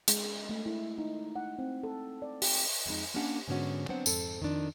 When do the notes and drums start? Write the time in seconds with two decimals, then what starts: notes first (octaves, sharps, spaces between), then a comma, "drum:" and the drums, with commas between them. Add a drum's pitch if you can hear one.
0.08 G#3, drum: hi-hat
0.49 A3
0.66 E4
0.98 D#4
1.36 F#5
1.59 C4
1.83 A4
2.22 D5
2.42 G4, drum: open hi-hat
2.86 F2 G#3 D#4
3.14 A#3 C#4 D4 G4 F#5
3.48 G#2 D3 F#3 B3 C#4 F#4
3.88 F#3 B3 C4 D4 C5 F#5
4.06 F2 G#2 C4 A4, drum: tambourine
4.41 F2 D#3 F3 D4